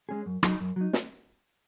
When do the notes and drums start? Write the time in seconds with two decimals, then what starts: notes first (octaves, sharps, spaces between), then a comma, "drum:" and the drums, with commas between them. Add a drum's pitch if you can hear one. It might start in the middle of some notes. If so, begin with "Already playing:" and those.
0.09 G#3 C#4 G#4
0.26 F#2
0.43 F#3 D#4, drum: rim click
0.61 F#2
0.76 F#3 D#4
0.93 drum: snare